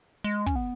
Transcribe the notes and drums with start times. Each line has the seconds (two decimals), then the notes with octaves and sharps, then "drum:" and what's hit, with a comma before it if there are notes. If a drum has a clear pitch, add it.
0.24 G#3
0.46 C#4, drum: kick
0.56 B3